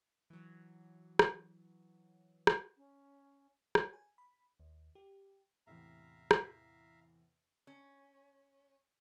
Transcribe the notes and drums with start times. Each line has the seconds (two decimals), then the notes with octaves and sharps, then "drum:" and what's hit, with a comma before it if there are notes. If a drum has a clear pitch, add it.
0.30 E3 F#3
1.19 drum: rim click
2.47 drum: rim click
2.77 C#4
3.75 C#5, drum: rim click
3.93 G#5
4.18 B5
4.60 D#2
4.95 G4
5.67 E2 A2 C3 E5 F5 A#5
6.31 drum: rim click
7.67 C#4